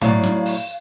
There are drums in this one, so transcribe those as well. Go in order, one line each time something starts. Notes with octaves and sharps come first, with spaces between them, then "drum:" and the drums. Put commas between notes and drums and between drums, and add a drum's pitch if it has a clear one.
A2 F#3 D5 F5, drum: tom A2
drum: snare C#4
drum: open hi-hat